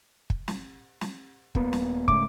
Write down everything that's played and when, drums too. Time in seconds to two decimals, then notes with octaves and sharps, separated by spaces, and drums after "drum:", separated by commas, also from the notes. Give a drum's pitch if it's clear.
0.30 drum: kick
0.48 drum: snare
1.01 drum: snare
1.55 D#1 A#3 B3, drum: kick
1.73 drum: snare
2.08 G#2 C#3 A3 D6, drum: kick